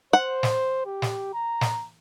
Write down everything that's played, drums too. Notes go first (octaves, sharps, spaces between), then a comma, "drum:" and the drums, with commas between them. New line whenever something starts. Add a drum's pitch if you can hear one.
C5 F#5
drum: snare
G4
drum: snare
A#5
drum: snare